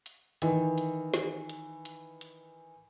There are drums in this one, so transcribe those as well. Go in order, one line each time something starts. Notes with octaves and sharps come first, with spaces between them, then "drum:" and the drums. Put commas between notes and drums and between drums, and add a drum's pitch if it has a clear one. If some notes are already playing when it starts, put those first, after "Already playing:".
drum: hi-hat
D#3 E3, drum: hi-hat
drum: hi-hat
drum: snare
drum: hi-hat
drum: hi-hat
drum: hi-hat